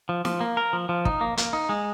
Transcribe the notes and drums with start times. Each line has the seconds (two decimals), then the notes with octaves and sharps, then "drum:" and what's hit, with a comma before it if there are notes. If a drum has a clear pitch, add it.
0.09 F3
0.25 F3, drum: snare
0.41 A#3
0.57 A#4
0.73 F3
0.89 F3
1.05 D#4, drum: kick
1.21 A#3
1.37 A#3, drum: hi-hat
1.53 D#4
1.69 G#3